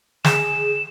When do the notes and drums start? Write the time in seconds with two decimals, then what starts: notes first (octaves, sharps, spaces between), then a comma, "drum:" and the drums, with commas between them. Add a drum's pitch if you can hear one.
0.24 G#4 E7, drum: snare